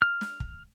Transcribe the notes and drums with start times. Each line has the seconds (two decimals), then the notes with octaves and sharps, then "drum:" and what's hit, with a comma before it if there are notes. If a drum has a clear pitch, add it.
0.02 F6
0.21 drum: snare
0.40 drum: kick